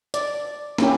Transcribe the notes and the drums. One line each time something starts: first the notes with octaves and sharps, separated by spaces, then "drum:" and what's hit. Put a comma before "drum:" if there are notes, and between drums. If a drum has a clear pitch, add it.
D5, drum: hi-hat
A#3 C#4 E4 G4, drum: snare